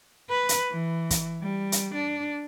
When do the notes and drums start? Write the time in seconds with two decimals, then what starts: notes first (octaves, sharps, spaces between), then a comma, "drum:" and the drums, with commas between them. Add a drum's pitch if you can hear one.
0.29 B4
0.49 drum: hi-hat
0.72 E3
1.10 drum: kick, hi-hat
1.41 G3
1.72 drum: hi-hat
1.94 D4